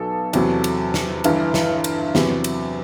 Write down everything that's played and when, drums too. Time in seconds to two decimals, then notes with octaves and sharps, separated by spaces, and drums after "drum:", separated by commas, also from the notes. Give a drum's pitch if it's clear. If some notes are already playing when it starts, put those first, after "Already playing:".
Already playing: B1 B2 F#3 A4
0.33 E2 C3 F#3, drum: cymbal
0.64 drum: cymbal
0.94 drum: snare
1.24 G1 G2 E3, drum: cymbal
1.54 drum: snare
1.84 drum: cymbal
2.15 E2 C3 F#3, drum: snare
2.44 drum: cymbal